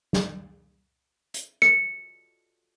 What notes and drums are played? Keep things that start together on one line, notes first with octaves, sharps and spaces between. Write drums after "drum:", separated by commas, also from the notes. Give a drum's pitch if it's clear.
drum: snare
drum: hi-hat
C#7, drum: rim click